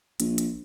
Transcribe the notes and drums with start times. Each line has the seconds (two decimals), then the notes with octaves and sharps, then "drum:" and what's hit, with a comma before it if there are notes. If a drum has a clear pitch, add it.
0.20 A#1, drum: hi-hat
0.38 drum: hi-hat